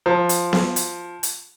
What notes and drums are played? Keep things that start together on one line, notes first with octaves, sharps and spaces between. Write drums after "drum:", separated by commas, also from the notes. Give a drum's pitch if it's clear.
F3
drum: hi-hat
drum: snare B3
drum: hi-hat
drum: hi-hat